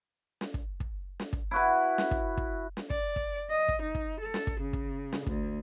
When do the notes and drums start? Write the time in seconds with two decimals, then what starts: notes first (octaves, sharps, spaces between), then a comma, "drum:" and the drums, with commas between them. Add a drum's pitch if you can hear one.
0.41 drum: snare
0.54 drum: kick
0.80 drum: kick
1.20 drum: snare
1.33 drum: kick
1.51 E4 F#4 B4
1.98 drum: snare
2.11 drum: kick
2.37 drum: kick
2.77 drum: snare
2.90 D5, drum: kick
3.16 drum: kick
3.50 D#5
3.68 drum: kick
3.82 D#4
3.95 drum: kick
4.20 A4
4.34 drum: snare
4.47 drum: kick
4.61 C#3
4.73 drum: kick
5.13 drum: snare
5.26 D2, drum: kick